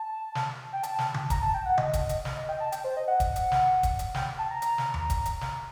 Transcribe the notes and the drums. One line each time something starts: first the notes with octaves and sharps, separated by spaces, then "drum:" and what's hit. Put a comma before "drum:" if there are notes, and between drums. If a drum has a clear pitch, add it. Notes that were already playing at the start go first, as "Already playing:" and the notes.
Already playing: A5
drum: snare
G5
A5, drum: hi-hat
drum: snare
drum: tom C#3
A#5, drum: kick D#1, hi-hat
A5
G5
F#5
D#5, drum: tom C#3
drum: kick D#1, hi-hat
drum: hi-hat
D#5, drum: snare
D#5
G5
A5
G5, drum: hi-hat
C5
D#5
F#5
drum: kick D#1, hi-hat
drum: hi-hat
drum: snare
drum: kick D#1, hi-hat
drum: hi-hat
G5, drum: snare
A5
A#5
A#5, drum: hi-hat
drum: snare
drum: tom D#2
drum: kick D#1, hi-hat
drum: hi-hat
drum: snare